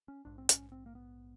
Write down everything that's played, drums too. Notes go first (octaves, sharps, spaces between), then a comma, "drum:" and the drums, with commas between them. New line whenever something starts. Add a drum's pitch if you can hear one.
C#4
A#1 G#2 D4
C4
C#4, drum: hi-hat
C4
A#3
B3